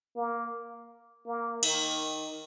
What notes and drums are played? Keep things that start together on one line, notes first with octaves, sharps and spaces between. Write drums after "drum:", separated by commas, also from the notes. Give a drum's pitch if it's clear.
A#3
A#3
D#3, drum: cymbal